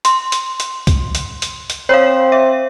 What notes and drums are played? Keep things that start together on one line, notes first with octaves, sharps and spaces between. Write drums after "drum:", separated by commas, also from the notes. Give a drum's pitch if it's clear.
C6, drum: hi-hat
drum: hi-hat
drum: hi-hat
drum: kick C2, hi-hat
drum: hi-hat
drum: hi-hat
drum: hi-hat
C4 C#5 F5
E5